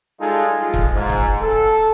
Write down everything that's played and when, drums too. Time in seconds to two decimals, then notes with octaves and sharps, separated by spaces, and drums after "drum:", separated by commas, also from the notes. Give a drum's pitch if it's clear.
0.20 G3 G#3 D#4 F4 G#4 A4
0.59 F3 G#3 F4
0.74 drum: kick C#1
0.94 G#2
1.09 drum: kick C#1
1.41 A4